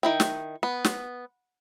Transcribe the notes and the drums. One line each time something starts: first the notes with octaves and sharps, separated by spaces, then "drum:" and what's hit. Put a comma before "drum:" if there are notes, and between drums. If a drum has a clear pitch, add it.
D#3 E4 G5
drum: snare
B3
drum: snare